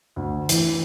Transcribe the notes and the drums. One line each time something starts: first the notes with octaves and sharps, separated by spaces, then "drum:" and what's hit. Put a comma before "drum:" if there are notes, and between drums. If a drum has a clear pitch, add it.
D2
E3, drum: hi-hat